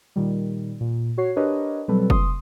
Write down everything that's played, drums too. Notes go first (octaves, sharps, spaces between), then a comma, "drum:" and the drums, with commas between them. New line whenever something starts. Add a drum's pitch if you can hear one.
A#2 D#3 G3
A#2
F#4 C#5 C7
D4 G4 A#4 B4 C#5 D#5
B2 F#3 G3 C4 A4 B4
C6 D#6, drum: kick